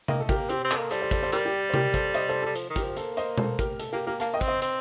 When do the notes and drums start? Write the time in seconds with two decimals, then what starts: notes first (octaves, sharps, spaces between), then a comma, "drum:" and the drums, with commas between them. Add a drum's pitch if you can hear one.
0.08 A#3 D#5 G5, drum: tom C3
0.20 A3 A4
0.29 G4 A#4, drum: kick, hi-hat
0.36 A#3
0.50 C4 G4, drum: hi-hat
0.64 C4
0.71 A4, drum: clap
0.77 A#3
0.91 G3 A4 C5, drum: hi-hat
1.01 A4 C5
1.11 A4 C5, drum: kick, hi-hat
1.22 A4 C5
1.32 G3 G4 A#4, drum: hi-hat
1.46 G4
1.69 C5
1.74 G4 A#4, drum: tom C3
1.94 A4 C5, drum: kick, hi-hat
2.14 C5 D#5, drum: hi-hat
2.29 A4 C5
2.42 G3 A4
2.55 F3, drum: hi-hat
2.70 D#3
2.76 G4 A#4, drum: kick, hi-hat
2.84 F3
2.97 A#3 A4 C5, drum: hi-hat
3.17 C5 D#5, drum: hi-hat
3.38 A4 C5, drum: tom B2
3.59 G4 A#4, drum: kick, hi-hat
3.79 A4, drum: hi-hat
3.93 A#3 G4
4.07 A#3 G4 A#4
4.20 A#3 F5 A5, drum: hi-hat
4.34 D#5 G5
4.41 C4, drum: kick, hi-hat
4.47 C5 D#5
4.62 C4, drum: hi-hat